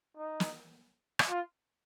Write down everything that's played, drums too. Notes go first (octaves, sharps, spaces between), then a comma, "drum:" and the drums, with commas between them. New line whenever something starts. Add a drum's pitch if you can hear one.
D#4
drum: snare
drum: rim click
F4